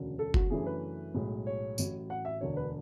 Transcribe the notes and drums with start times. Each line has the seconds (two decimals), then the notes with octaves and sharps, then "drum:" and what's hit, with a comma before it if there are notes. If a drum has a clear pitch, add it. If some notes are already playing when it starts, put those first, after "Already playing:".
Already playing: E1 D2 C#3 F#3
0.19 A4
0.34 F#4, drum: kick F#1
0.50 F#2 C#3 E3 A3 D4 G#4
0.66 B4
1.14 B1 A2 G#3
1.47 C#5
1.78 A1 A2 F#3, drum: tambourine
2.10 F#5
2.25 E5
2.41 E1 D2 D3 C#5
2.57 B4